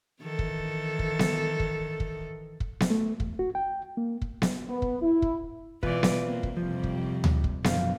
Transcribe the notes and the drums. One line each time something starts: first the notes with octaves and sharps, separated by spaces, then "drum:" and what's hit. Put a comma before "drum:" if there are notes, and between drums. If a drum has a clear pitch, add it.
D#3 E3 A4
drum: kick
drum: kick
drum: snare B3
drum: kick
drum: kick
drum: kick
drum: snare B3
A3
E2, drum: kick
F#4
G5
A#3
drum: kick
drum: snare B3
B3
drum: kick
E4
drum: kick
B2 E3 F4 B4 D5, drum: kick
drum: snare B3
A#3 C4
drum: kick
F2 C3 F3 G3
drum: kick
drum: tom D2
drum: kick
F#2 B2 D3 F3 F5, drum: snare B3